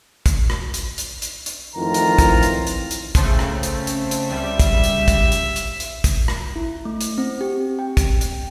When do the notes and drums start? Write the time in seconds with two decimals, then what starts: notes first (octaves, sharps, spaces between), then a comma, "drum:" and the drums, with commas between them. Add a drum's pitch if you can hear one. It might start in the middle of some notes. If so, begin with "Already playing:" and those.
0.26 drum: kick, hi-hat
0.50 drum: rim click
0.74 drum: hi-hat
0.98 drum: hi-hat
1.22 drum: hi-hat
1.46 drum: hi-hat
1.76 F2 A2 D#3 E3 F4 A#5
1.94 drum: hi-hat
2.18 drum: kick, hi-hat
2.43 drum: hi-hat
2.67 drum: hi-hat
2.91 drum: hi-hat
3.15 C#3 A3 C4, drum: kick, hi-hat
3.39 drum: rim click
3.63 drum: hi-hat
3.87 drum: hi-hat
4.11 drum: hi-hat
4.30 C#2 G3 E5
4.60 drum: kick, hi-hat
4.84 drum: hi-hat
5.08 drum: kick, hi-hat
5.32 drum: hi-hat
5.56 drum: hi-hat
5.80 drum: hi-hat
6.04 drum: kick, hi-hat
6.28 drum: rim click
6.56 E4
6.85 A3
7.01 drum: hi-hat
7.18 C4
7.41 G4
7.79 G5
7.97 drum: kick, hi-hat
8.21 drum: hi-hat